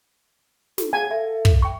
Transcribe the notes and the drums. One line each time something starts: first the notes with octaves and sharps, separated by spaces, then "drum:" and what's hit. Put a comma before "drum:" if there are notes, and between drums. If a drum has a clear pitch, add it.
A4, drum: snare
G#4 F5 F#5 G#5 A5
A4 E5
drum: kick
G5 C#6